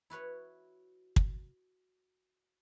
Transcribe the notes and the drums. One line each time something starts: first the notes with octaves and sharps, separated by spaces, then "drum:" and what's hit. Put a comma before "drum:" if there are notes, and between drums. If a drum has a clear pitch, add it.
E4 F#4 B4 C#5
drum: kick